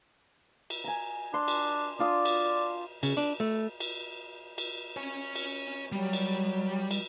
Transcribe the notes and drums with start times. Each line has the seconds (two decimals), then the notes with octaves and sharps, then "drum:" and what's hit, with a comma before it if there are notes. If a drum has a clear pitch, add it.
0.70 drum: cymbal
0.84 G#5 A#5
1.34 D4 C6
1.48 drum: cymbal
1.99 D4 F4 D5 D#6
2.25 drum: cymbal
3.03 C#3, drum: cymbal
3.17 D4
3.40 A3
3.80 drum: cymbal
4.58 drum: cymbal
4.97 C#5 G#5
5.36 drum: cymbal
5.92 F#3 G3
6.13 drum: cymbal
6.91 drum: cymbal